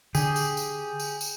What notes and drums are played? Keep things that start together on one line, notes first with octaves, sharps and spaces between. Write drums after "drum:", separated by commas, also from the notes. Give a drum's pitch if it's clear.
D3 D4 G4 G#4, drum: tambourine
drum: tambourine
drum: tambourine
drum: tambourine
drum: tambourine